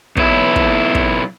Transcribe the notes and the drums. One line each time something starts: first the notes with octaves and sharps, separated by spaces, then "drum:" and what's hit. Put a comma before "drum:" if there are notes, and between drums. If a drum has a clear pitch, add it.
B1 E4, drum: kick
drum: kick
drum: kick